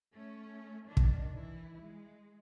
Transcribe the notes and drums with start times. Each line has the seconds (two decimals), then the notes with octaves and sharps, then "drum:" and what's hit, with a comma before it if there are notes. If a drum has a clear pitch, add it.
0.13 A3 C#4
0.87 D#3 D4
0.97 drum: kick
1.36 E3 E4
1.81 G#3